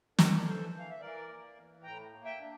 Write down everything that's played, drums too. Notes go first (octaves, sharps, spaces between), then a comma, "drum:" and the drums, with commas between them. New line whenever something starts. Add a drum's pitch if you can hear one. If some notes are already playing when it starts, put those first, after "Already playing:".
D4 A#4 D5, drum: snare
A#4
E3 A4 C5
E3
F5
E5
E3 A#4 D5
A#3
E3
A2 G5 A#5
A#3
E5 G5
D4